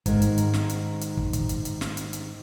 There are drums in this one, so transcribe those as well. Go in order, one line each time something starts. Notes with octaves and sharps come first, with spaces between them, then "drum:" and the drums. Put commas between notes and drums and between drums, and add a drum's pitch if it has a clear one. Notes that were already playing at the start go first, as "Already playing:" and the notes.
G#2 D#3, drum: kick, hi-hat
drum: hi-hat
drum: hi-hat
drum: snare
drum: hi-hat
drum: hi-hat
drum: kick
drum: kick, hi-hat
drum: hi-hat
drum: hi-hat
drum: snare
drum: hi-hat
drum: hi-hat